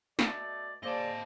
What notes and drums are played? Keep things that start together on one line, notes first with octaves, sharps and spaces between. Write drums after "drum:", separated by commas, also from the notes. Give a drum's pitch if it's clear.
B2 A3 D5, drum: snare
A#3 G#4 C5 D5 D#5 A5 D6